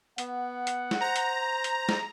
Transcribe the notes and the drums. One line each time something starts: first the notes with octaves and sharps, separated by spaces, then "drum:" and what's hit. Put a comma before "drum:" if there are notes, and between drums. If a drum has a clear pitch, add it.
B3 F#5, drum: hi-hat
drum: hi-hat
drum: snare
C5 A#5
drum: hi-hat
drum: hi-hat
drum: snare